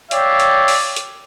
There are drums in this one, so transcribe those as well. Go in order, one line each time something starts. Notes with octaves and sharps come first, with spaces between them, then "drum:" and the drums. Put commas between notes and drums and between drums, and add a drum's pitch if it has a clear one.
C#5 D5 E5 F5 G5, drum: hi-hat
drum: hi-hat
drum: open hi-hat
drum: hi-hat